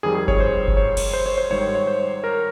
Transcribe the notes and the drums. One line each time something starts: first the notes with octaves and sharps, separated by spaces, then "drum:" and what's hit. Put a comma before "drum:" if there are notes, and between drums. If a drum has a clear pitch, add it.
F2 D#3 G3 G#4
G#4
C#5, drum: kick G1
C5
drum: kick G1
C#5
drum: cymbal
C5
C#5
C5
G#2 D#3 G3 C#5
C5
C#5
C5
A#4